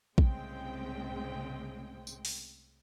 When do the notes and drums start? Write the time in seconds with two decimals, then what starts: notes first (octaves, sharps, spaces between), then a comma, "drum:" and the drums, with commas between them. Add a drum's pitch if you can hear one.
0.18 C2 A2 C#3 G#3 C4 G5, drum: kick A#1
2.07 drum: tambourine
2.25 drum: open hi-hat